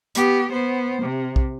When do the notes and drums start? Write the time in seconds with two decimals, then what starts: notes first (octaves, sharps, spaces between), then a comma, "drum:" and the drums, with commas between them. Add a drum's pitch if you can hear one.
0.15 B3 G4, drum: hi-hat
0.52 B3 C5
1.02 C3
1.36 drum: kick